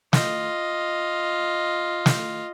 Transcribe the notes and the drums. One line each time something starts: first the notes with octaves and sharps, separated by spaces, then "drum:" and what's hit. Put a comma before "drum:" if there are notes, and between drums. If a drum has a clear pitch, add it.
F4 D#5, drum: snare
drum: snare